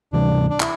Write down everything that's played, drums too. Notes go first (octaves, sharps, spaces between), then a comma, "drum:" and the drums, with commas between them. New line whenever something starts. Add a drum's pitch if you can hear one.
D2 C3 E3 G3 D4
D4
E4, drum: clap